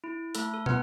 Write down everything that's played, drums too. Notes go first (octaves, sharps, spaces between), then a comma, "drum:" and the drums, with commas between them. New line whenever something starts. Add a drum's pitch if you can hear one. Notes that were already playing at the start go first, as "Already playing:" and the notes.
E4
A3 A4, drum: hi-hat
A4
B3 B4, drum: tom